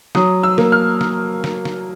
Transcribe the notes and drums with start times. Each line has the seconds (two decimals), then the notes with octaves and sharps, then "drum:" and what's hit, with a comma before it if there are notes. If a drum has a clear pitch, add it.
0.15 F#3 D#6, drum: snare
0.43 E6
0.58 A#3, drum: snare
0.72 F6
1.01 drum: snare
1.44 drum: snare
1.65 drum: snare